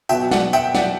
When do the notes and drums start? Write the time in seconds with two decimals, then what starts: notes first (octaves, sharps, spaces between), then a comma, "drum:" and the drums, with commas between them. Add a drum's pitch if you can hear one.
0.09 B2 F#3 B3 E5 G5, drum: tambourine
0.31 D5 F#5, drum: snare
0.53 E5 G5, drum: tambourine
0.75 D5 F#5, drum: snare